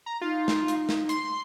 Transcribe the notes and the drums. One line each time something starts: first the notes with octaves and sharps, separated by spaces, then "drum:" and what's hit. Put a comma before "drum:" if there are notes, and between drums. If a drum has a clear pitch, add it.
A#5
D#4 F4
drum: snare
drum: hi-hat
drum: snare
C6, drum: hi-hat